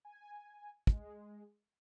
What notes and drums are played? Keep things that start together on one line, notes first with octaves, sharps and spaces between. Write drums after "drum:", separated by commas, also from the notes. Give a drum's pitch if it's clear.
G#5
G#3, drum: kick